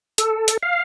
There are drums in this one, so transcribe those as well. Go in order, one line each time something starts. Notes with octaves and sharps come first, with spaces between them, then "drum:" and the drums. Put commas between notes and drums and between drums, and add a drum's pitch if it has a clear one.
A4, drum: hi-hat
drum: hi-hat
F5